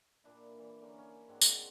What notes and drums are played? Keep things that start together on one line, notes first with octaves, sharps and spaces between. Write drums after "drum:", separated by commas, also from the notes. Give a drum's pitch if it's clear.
A#2 D4 E4
E3
D3 A#3 C#4
C#4
G#2 C4 D4 F#4
C5 G#5 A#5, drum: tambourine